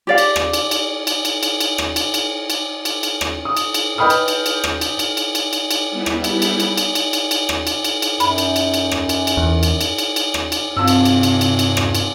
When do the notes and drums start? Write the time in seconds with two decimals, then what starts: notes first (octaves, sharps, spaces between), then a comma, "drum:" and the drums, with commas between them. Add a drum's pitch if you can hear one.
0.07 G4 D5 F5
0.18 drum: cymbal
0.36 drum: rim click
0.53 drum: cymbal
0.71 drum: cymbal
1.07 drum: cymbal
1.25 drum: cymbal
1.43 drum: cymbal
1.60 drum: cymbal
1.78 drum: rim click
1.96 drum: cymbal
2.14 drum: cymbal
2.50 drum: cymbal
2.85 drum: cymbal
3.03 drum: cymbal
3.21 drum: rim click
3.45 D#6
3.57 drum: cymbal
3.74 drum: cymbal
3.98 B4 D#5 G5 B5 D#6 F6
4.10 drum: cymbal
4.28 drum: cymbal
4.46 drum: cymbal
4.64 drum: rim click
4.81 drum: cymbal
4.99 drum: cymbal
5.17 drum: cymbal
5.35 drum: cymbal
5.53 drum: cymbal
5.71 drum: cymbal
5.91 G3 B3 E4
6.06 drum: rim click
6.24 drum: cymbal
6.42 drum: cymbal
6.60 drum: cymbal
6.78 drum: cymbal
6.95 drum: cymbal
7.13 drum: cymbal
7.31 drum: cymbal
7.49 drum: rim click
7.67 drum: cymbal
7.84 drum: cymbal
8.02 drum: cymbal
8.20 F#2 B5, drum: cymbal
8.38 drum: cymbal
8.56 drum: cymbal
8.74 drum: cymbal
8.91 drum: rim click
9.09 drum: cymbal
9.27 drum: cymbal
9.37 E2
9.63 drum: cymbal
9.81 drum: cymbal
9.98 drum: cymbal
10.16 drum: cymbal
10.34 drum: rim click
10.52 drum: cymbal
10.77 G2 C3 F3 E6
10.88 drum: cymbal
11.05 drum: cymbal
11.23 drum: cymbal
11.41 drum: cymbal
11.59 drum: cymbal
11.77 drum: rim click
11.95 drum: cymbal